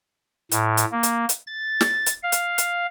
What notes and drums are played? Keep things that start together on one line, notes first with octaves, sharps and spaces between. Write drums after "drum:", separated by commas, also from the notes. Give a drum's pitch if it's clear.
A2, drum: hi-hat
drum: hi-hat
A#3
drum: hi-hat
drum: hi-hat
A6
drum: snare
drum: hi-hat
F5
drum: hi-hat
drum: hi-hat